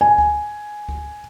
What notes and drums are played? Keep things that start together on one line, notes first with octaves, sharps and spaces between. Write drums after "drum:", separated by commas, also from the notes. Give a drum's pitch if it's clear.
G#5
drum: kick
drum: kick